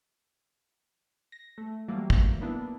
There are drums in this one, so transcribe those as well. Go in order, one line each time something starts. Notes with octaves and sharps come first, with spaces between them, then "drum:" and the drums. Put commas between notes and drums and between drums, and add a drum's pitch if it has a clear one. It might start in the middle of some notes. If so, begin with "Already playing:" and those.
A#6
A3
E3 F#3 G3 A3 A#3
drum: kick
A#3 B3 D4 E4